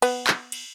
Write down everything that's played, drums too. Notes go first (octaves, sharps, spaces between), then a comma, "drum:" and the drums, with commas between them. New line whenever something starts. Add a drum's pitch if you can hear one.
B3, drum: cymbal
drum: clap
drum: cymbal